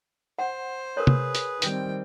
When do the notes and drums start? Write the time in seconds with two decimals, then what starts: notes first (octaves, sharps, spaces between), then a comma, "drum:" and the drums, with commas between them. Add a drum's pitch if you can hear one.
0.39 C5 F#5
0.97 G#4 A#4 B4 C#5
1.07 drum: tom
1.35 drum: hi-hat
1.62 D#3 G3 C4 G5, drum: hi-hat